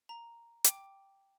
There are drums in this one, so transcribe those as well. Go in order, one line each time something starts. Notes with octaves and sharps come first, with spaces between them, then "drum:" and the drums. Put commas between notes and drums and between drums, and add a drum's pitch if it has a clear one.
A#5
G5 D6, drum: hi-hat